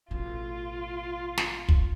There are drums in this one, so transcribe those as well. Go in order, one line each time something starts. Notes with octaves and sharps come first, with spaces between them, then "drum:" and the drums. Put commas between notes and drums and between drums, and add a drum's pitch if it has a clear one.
A1 B2 F4
drum: snare
drum: kick